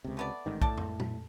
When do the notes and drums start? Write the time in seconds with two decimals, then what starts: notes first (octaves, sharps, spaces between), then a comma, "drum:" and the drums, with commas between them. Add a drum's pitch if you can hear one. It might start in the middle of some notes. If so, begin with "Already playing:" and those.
0.05 C#2 C3
0.17 A3 B3 D5
0.46 A1 G#2 D#3
0.62 A2 A4 D5 A5, drum: kick B1
0.78 drum: tom
1.00 drum: tom A#2